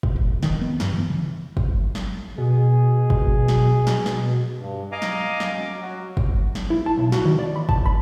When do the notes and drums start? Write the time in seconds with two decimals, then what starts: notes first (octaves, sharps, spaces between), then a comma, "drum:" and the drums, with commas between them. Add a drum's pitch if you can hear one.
0.03 drum: kick
0.16 D#1
0.43 D#3, drum: snare
0.61 B3
0.80 G2, drum: snare
0.93 E3
1.09 C#3
1.57 drum: kick
1.95 drum: snare
2.38 B2 G#4
3.10 drum: kick
3.48 drum: snare
3.87 drum: snare
4.06 drum: snare
4.60 G2
4.92 D#5 F5 G#5 A#5 D6
5.02 drum: snare
5.40 drum: snare
5.54 F#3 C#4 D6
5.82 F#3 F#4
6.17 drum: kick
6.55 drum: snare
6.70 E4
6.86 A5
6.98 B1
7.12 F#4, drum: snare
7.25 D#3
7.39 D5
7.56 B5
7.69 A5, drum: kick
7.86 B5